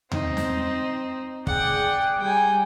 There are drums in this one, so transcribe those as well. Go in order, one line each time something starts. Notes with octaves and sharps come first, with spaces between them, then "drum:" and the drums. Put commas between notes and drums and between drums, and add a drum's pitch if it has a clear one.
C4 D#4, drum: tom D#2
drum: snare
G#4 D5 F#5 G5, drum: kick
G3 G5 G#5